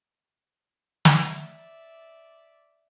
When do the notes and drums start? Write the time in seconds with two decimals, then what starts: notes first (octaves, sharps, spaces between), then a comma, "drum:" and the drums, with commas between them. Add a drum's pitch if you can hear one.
1.05 drum: snare
1.26 D5 E5